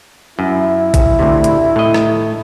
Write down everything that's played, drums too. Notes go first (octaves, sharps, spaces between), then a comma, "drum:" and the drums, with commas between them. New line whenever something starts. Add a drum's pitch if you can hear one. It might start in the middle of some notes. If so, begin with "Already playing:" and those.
F#2 E4
drum: kick A1, hi-hat
D2 A2 C3
drum: hi-hat
A2 D#5
drum: rim click